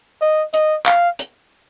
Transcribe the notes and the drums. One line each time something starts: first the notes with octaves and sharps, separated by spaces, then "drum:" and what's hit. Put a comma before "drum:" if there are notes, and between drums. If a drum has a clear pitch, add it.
D#5
D#5, drum: hi-hat
F5, drum: clap
drum: hi-hat